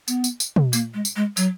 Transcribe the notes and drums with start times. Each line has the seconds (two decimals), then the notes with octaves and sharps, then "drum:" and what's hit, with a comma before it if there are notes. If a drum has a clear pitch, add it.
0.08 B3, drum: tambourine
0.24 drum: tambourine
0.40 drum: tambourine
0.56 drum: tom
0.73 A#3, drum: tambourine
0.94 G#3
1.05 drum: tambourine
1.16 G#3
1.37 F#3, drum: tambourine